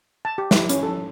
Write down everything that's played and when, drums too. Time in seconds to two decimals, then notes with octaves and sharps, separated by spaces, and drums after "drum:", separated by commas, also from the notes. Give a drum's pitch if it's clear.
0.25 A5
0.38 G4
0.51 E4, drum: snare
0.69 C#4, drum: hi-hat
0.83 A4